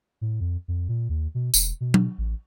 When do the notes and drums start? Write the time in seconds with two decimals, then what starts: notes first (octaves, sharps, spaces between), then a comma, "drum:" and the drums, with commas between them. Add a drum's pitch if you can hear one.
0.21 A2
0.40 F2
0.68 F2
0.89 A#2
1.09 D#2
1.35 B2
1.54 E1, drum: tambourine
1.81 B2
1.94 drum: tom F#3
2.18 A1